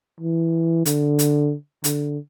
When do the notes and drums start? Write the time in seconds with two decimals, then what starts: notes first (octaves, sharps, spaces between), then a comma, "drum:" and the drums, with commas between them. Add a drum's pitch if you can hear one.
0.20 E3
0.86 D3, drum: hi-hat
1.19 drum: hi-hat
1.84 D3, drum: hi-hat